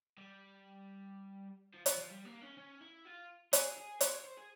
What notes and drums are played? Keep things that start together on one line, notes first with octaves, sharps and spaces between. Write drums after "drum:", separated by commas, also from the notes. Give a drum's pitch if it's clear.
G3
F3
F3, drum: hi-hat
F3
G3
A#3
C#4
C#4
E4
F4
G#4, drum: hi-hat
G#4
C5, drum: hi-hat
C#5
C5
G#4